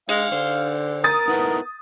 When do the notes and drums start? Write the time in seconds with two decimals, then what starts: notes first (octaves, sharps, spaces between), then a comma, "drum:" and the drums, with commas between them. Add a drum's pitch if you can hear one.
0.09 G#3 F5, drum: cymbal
0.32 D3 C5
1.04 A#4 D#6 A6
1.28 B3 D#4 E4 A4